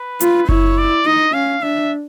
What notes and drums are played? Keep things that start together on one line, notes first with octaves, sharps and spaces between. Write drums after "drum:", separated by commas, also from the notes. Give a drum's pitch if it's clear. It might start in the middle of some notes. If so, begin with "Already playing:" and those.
Already playing: B4
F4, drum: hi-hat
E4 C#5, drum: kick F#1
D5
D#4 D#5
C#4 F5
D4 E5